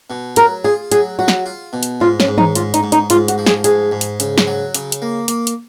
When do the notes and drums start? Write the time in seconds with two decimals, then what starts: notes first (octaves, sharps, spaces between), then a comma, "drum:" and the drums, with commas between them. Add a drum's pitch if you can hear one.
0.10 B2
0.36 F#3 A#4, drum: hi-hat
0.64 F4 G#4
0.92 F#3 G#4, drum: hi-hat
1.19 F#3 F#4
1.28 drum: snare
1.46 F4
1.73 B2
1.83 drum: hi-hat
2.01 G#2 F4
2.20 C#4, drum: snare
2.28 G#2
2.38 D#4, drum: tom D#3
2.55 G#2 F4, drum: hi-hat
2.74 D#4, drum: hi-hat
2.83 G#2
2.92 D#4, drum: hi-hat
3.10 G#2 F4, drum: hi-hat
3.28 F#4, drum: hi-hat
3.38 F3
3.46 G#4, drum: snare
3.64 G#2 G#4, drum: hi-hat
3.91 G#2
4.01 drum: hi-hat
4.20 C#3, drum: hi-hat
4.38 drum: snare
4.47 F#3
4.74 C#3, drum: hi-hat
4.92 drum: hi-hat
5.02 A#3
5.28 A#3, drum: hi-hat
5.47 drum: hi-hat